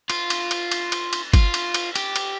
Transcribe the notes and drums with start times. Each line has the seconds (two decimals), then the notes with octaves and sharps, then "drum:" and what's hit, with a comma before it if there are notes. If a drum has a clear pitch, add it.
0.10 F4, drum: cymbal
0.30 drum: cymbal
0.51 drum: cymbal
0.71 drum: cymbal
0.92 drum: cymbal
1.13 drum: cymbal
1.34 F4, drum: kick G1, cymbal
1.54 drum: cymbal
1.74 drum: cymbal
1.96 G4, drum: cymbal
2.16 drum: cymbal